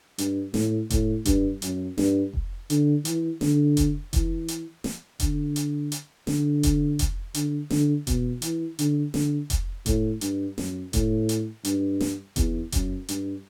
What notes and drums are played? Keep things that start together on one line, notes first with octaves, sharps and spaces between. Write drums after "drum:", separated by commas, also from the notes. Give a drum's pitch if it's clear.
G2, drum: hi-hat
A2, drum: snare
A2, drum: kick F1, hi-hat
G2, drum: kick F1, hi-hat
F#2, drum: hi-hat
G2, drum: snare
drum: kick F1
D3, drum: hi-hat
E3, drum: hi-hat
D3, drum: snare
drum: kick F1, hi-hat
E3, drum: kick F1, hi-hat
drum: hi-hat
drum: snare
D3, drum: kick F1, hi-hat
drum: hi-hat
drum: hi-hat
D3, drum: snare
drum: kick F1, hi-hat
drum: kick F1, hi-hat
D3, drum: hi-hat
D3, drum: snare
B2, drum: kick F1, hi-hat
E3, drum: hi-hat
D3, drum: hi-hat
D3, drum: snare
drum: kick F1, hi-hat
A2, drum: kick F1, hi-hat
G2, drum: hi-hat
F#2, drum: snare
A2, drum: kick F1, hi-hat
drum: hi-hat
G2, drum: hi-hat
drum: snare
E2, drum: kick F1, hi-hat
F#2, drum: kick F1, hi-hat
G2, drum: hi-hat